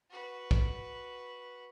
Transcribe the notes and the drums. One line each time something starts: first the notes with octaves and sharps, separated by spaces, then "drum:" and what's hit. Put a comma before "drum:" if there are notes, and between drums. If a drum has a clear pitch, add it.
F#4 B4
drum: kick